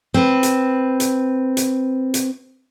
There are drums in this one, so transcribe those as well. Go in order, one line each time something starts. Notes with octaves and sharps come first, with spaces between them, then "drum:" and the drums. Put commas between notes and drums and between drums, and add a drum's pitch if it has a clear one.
C4 B4
drum: hi-hat
drum: hi-hat
drum: hi-hat
drum: hi-hat